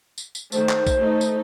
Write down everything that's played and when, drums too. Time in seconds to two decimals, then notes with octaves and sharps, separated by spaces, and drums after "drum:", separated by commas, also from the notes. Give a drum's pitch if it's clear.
0.18 drum: tambourine
0.35 drum: tambourine
0.52 D#3 A3 C5, drum: tambourine
0.69 drum: clap
0.87 drum: kick B1, tambourine
0.97 A3 D#4
1.21 drum: tambourine